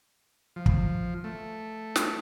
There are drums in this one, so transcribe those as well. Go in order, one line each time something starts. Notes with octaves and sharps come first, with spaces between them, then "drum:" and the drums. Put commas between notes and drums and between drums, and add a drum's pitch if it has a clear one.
F3
drum: kick
A3
drum: snare